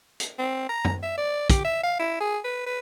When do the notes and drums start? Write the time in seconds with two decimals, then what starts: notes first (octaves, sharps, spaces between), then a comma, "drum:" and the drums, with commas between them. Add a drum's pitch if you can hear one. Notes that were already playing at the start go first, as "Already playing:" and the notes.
0.20 drum: hi-hat
0.38 C4
0.69 A#5
0.85 drum: tom
1.03 E5
1.18 D5
1.50 G4, drum: kick, hi-hat
1.64 E5
1.83 F5
1.99 E4
2.20 G#4
2.44 B4
2.66 B4